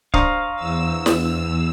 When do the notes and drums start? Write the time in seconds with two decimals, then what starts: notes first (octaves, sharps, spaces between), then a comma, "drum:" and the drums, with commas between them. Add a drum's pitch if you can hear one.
0.14 D4 C5 F5 A#5 C#6 D#6, drum: kick C#1
0.56 E2 E6
1.06 drum: snare